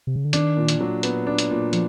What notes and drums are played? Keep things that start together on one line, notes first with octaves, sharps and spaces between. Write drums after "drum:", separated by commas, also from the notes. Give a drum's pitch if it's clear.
C3
C#3
D3
D#3 D4, drum: hi-hat
A#2
drum: hi-hat
F#3
B3, drum: hi-hat
D4
drum: hi-hat
A#2
F3, drum: hi-hat